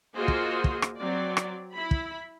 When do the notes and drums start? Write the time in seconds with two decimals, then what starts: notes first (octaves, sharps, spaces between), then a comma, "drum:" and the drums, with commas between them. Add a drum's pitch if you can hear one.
0.15 A#3 F4 F#4 G#4 C5 D#5
0.28 drum: kick
0.64 drum: kick
0.82 drum: rim click
0.97 F#3 C4 D5
1.37 drum: rim click
1.73 E4 B5
1.91 drum: kick